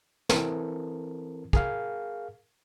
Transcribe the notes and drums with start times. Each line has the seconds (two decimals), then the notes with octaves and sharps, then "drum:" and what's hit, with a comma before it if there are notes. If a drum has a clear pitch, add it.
0.29 E3 C4 A4 A#4, drum: snare
1.53 G#4 A#4 F5, drum: kick